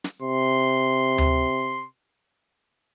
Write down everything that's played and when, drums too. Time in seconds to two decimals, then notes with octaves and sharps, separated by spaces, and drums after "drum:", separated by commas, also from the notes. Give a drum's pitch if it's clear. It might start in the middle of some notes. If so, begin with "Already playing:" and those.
0.04 drum: snare
0.22 C3 C6
1.18 drum: tom D2